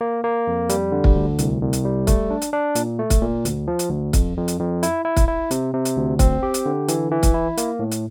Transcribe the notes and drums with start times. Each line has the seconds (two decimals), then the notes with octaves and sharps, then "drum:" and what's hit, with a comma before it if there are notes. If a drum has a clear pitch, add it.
0.01 A#3
0.24 A#3
0.47 F2
0.69 G3, drum: hi-hat
0.92 D3
1.04 drum: kick
1.16 D2
1.39 C2, drum: hi-hat
1.62 C2
1.73 drum: hi-hat
1.85 G3
2.07 A3, drum: kick, hi-hat
2.30 D4
2.42 drum: hi-hat
2.53 D4
2.75 A#2, drum: hi-hat
2.99 A3
3.10 drum: kick, hi-hat
3.21 A#2
3.45 D2, drum: hi-hat
3.68 F3
3.79 drum: hi-hat
3.90 D2
4.13 F2, drum: kick, hi-hat
4.37 F2
4.48 drum: hi-hat
4.60 F2
4.83 E4, drum: hi-hat
5.05 E4
5.16 drum: kick, hi-hat
5.28 E4
5.51 C3, drum: hi-hat
5.74 C3
5.85 drum: hi-hat
5.97 D2
6.19 C4, drum: kick, hi-hat
6.43 G4
6.54 drum: hi-hat
6.66 D3
6.88 E3, drum: hi-hat
7.11 E3
7.23 drum: kick, hi-hat
7.34 E4
7.57 A#3, drum: hi-hat
7.79 A2
7.91 drum: hi-hat